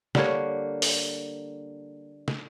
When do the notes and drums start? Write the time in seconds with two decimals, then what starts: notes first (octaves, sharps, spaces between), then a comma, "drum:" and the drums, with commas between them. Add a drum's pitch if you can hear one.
0.15 D3 G3 A#3 C#5, drum: snare
0.82 drum: open hi-hat
2.28 drum: snare